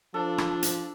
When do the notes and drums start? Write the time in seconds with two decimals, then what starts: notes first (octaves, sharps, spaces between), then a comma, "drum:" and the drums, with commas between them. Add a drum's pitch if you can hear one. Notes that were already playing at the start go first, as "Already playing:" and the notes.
0.14 F3 D4 A4
0.38 drum: rim click
0.63 drum: hi-hat